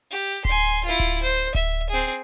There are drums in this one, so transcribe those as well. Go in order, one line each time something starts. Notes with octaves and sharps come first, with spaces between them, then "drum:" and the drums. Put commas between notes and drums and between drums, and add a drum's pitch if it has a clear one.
G4
G#5 C6, drum: kick D1
E4 F4
drum: kick D1
C5
E5, drum: kick D1
C4 G#4